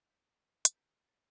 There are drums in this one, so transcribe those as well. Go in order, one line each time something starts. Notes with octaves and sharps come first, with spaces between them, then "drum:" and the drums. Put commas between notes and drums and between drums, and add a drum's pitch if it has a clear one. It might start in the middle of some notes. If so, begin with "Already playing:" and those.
Already playing: G4 D5
G6 B6
drum: hi-hat
G6 B6
C#5 F#5 A6 C#7